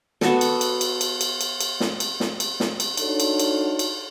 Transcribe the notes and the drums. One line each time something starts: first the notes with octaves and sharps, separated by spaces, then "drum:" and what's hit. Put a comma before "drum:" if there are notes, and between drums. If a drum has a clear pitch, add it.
B3 F#4 A4, drum: snare
drum: cymbal
drum: cymbal
drum: cymbal
drum: cymbal
drum: cymbal
drum: cymbal
drum: cymbal
drum: snare
drum: cymbal
drum: snare
drum: cymbal
drum: snare
drum: cymbal
D4 D#4 F#4 A4 C#5, drum: cymbal
drum: cymbal
drum: cymbal
drum: cymbal